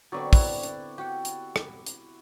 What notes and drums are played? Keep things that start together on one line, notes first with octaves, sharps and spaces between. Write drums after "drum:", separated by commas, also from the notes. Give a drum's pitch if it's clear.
D3 F#3 B3 C4 D5 C#6
E4 F#5, drum: kick, open hi-hat
drum: hi-hat
F#4 G4 F#5
drum: hi-hat
drum: rim click
drum: hi-hat